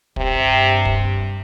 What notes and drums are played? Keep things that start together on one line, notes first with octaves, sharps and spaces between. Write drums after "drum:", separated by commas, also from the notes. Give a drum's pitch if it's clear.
G2 C3, drum: kick
drum: kick